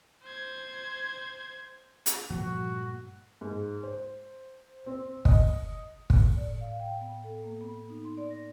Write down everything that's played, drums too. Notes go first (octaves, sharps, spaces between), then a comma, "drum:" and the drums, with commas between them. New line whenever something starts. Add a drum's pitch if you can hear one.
C5 G#6
drum: hi-hat
G2 A#2 F3 A3 F#4
G#2
C5
C4
D#5, drum: kick
A2, drum: kick
D5
F5
G5
B3
A4
A#3
B3
D#4
C6
D5
A#6